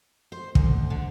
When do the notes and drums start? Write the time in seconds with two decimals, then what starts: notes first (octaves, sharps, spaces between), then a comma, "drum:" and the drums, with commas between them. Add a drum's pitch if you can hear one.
0.32 C5
0.55 D2, drum: kick
0.90 D3